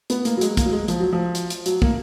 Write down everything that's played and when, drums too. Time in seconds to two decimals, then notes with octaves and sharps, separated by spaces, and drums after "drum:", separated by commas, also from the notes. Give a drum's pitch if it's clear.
0.10 B3, drum: hi-hat
0.25 A#3, drum: hi-hat
0.37 F#3
0.41 G#3, drum: hi-hat
0.57 A#3, drum: kick, hi-hat
0.65 F#3
0.72 G#3
0.88 F3, drum: hi-hat
1.00 F#3
1.13 F3
1.35 drum: hi-hat
1.50 drum: hi-hat
1.66 F#3, drum: hi-hat
1.82 A#3, drum: kick